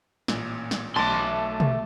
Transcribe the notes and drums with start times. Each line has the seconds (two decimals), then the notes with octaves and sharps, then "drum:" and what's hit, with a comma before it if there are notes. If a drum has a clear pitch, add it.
0.28 A1 A#2, drum: snare
0.71 drum: snare
0.96 B1 A3 A5 C6 D6
1.60 drum: tom B2